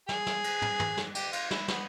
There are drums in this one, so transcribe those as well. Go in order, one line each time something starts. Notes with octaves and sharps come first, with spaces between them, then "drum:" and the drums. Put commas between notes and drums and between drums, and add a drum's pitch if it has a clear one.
G#4, drum: snare
drum: snare
drum: cymbal
drum: tom
drum: tom
drum: snare
G4, drum: cymbal
F4, drum: cymbal
E4, drum: snare
B3, drum: snare